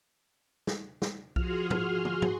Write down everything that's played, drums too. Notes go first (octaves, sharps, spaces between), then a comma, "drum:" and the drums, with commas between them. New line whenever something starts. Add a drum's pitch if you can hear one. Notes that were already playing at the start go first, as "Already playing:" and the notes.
drum: snare
drum: snare
F3 F#4 G#4 C6 F6, drum: kick B1
drum: tom
drum: tom
drum: tom